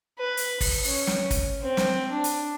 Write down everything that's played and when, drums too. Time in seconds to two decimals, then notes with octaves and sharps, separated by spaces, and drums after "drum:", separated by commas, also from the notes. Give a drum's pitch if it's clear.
0.19 B4
0.37 drum: hi-hat
0.61 drum: kick, open hi-hat
0.84 C#4, drum: open hi-hat
1.07 drum: snare
1.31 drum: kick, hi-hat
1.62 C4
1.77 drum: snare
2.11 D4
2.24 drum: hi-hat